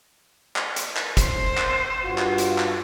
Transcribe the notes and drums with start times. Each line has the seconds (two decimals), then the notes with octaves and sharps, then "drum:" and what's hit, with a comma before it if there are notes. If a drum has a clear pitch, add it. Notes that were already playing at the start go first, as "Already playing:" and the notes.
0.56 drum: clap
0.76 drum: hi-hat
0.97 drum: clap
1.17 C5, drum: kick F#1, hi-hat
1.57 drum: clap
2.04 G2 F4 F#4
2.18 drum: clap
2.38 drum: hi-hat
2.58 drum: clap